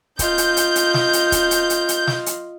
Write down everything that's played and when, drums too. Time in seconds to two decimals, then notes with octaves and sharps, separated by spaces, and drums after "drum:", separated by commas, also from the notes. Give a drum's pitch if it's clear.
0.19 F4 D#5 G6, drum: kick C#1, hi-hat
0.38 drum: hi-hat
0.57 drum: hi-hat
0.75 drum: hi-hat
0.94 drum: snare
1.13 drum: hi-hat
1.32 drum: kick C#1, hi-hat
1.51 drum: hi-hat
1.70 drum: hi-hat
1.89 drum: hi-hat
2.07 drum: snare
2.26 drum: hi-hat